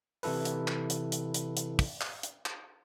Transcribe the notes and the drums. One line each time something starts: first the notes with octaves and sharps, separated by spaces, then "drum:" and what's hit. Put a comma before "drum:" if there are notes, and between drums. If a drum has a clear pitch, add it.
C3 E3 E4 A4 B4, drum: open hi-hat
drum: hi-hat
drum: clap
drum: hi-hat
drum: hi-hat
drum: hi-hat
drum: hi-hat
drum: kick, open hi-hat
drum: clap
drum: hi-hat
drum: clap